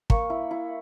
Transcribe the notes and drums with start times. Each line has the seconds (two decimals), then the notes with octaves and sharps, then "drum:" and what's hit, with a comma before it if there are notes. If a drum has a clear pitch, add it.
0.10 A#3 C#6, drum: kick
0.30 E4
0.51 E4